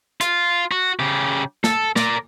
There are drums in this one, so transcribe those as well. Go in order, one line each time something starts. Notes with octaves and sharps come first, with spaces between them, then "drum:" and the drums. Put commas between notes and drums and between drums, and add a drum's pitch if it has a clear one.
F4, drum: hi-hat
F#4
C#3 G4
A4, drum: snare
A#4 D5, drum: snare